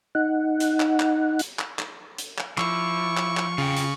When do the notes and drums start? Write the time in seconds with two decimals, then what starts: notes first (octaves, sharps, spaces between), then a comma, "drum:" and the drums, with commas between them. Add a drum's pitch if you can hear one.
0.15 D#4 F#5
0.60 drum: hi-hat
0.80 drum: clap
1.00 drum: clap
1.39 drum: hi-hat
1.59 drum: clap
1.79 drum: clap
2.18 drum: hi-hat
2.38 drum: clap
2.58 F3 E4 C#6 D6 E6, drum: clap
3.17 drum: clap
3.37 drum: clap
3.58 C#3 F4 F5 G5
3.77 drum: hi-hat